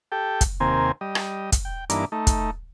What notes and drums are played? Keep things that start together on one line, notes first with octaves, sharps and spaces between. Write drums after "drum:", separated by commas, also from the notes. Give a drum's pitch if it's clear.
G4 A4 G5
drum: kick, hi-hat
D#2 C3 A#3 C4 G#5
G3 D#5
drum: rim click
drum: kick, hi-hat
G5
G2 E3 A#3 D4 D#4 D6, drum: hi-hat
A3 D#4
drum: kick, hi-hat